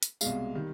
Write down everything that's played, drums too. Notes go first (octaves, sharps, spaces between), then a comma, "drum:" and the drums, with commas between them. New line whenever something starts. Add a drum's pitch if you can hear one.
drum: hi-hat
C2 B2 G#3 F5, drum: tambourine
D#3 G3